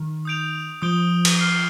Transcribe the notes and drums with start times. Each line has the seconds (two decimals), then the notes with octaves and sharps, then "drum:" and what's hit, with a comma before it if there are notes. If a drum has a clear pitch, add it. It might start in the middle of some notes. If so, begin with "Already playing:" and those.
Already playing: D#3
0.25 D#6 G6 D7 F7
0.82 F3 D#6 G6 D7 G7
1.25 drum: cymbal
1.37 F6 C7 G7